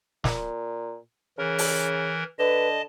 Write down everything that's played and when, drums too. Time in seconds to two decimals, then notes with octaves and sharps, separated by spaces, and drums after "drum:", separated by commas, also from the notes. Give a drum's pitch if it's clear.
0.24 A#2, drum: snare
1.38 C#3 E3 A#4
1.58 drum: open hi-hat
2.39 D3 B4 D#5 A5